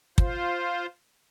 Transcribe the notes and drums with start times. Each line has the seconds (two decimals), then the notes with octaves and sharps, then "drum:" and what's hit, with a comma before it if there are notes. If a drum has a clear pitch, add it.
0.18 F4 C5, drum: kick